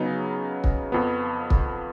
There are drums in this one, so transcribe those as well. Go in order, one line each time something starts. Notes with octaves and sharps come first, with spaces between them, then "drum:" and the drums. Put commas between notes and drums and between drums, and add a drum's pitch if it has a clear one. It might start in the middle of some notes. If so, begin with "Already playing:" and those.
Already playing: C#3 F#3 B3 D#4
drum: kick
F2 F3 B3
drum: kick